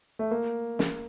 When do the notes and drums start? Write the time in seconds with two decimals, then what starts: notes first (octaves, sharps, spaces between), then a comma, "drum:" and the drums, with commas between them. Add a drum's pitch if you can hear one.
0.19 A3
0.31 A#3
0.79 drum: snare